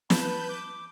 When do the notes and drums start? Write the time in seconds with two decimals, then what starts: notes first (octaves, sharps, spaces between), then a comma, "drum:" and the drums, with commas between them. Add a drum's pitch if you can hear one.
0.10 B4 A5 B5 G6, drum: snare
0.49 D6